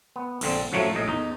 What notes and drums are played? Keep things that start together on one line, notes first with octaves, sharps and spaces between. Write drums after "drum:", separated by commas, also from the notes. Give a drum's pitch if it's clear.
B3
A#1 D3 C4, drum: cymbal
F#2 A2 F3 F#3 A3
A#1 A2 D#5
E2 D#4